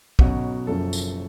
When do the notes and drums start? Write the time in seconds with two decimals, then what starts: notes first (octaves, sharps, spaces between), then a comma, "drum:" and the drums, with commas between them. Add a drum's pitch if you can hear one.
0.19 B1 B2 F#3 C#4 F#4, drum: kick
0.67 F#1 F#2 F3 A4
0.93 drum: tambourine